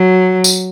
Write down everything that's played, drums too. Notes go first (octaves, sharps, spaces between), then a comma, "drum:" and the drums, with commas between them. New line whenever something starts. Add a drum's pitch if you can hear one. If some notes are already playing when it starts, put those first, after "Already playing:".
Already playing: F#3
drum: tambourine